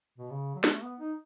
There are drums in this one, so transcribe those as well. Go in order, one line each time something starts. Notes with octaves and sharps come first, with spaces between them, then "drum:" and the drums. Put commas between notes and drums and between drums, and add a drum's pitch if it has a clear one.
B2
C#3
F#3
G#3, drum: snare
A3
B3
D#4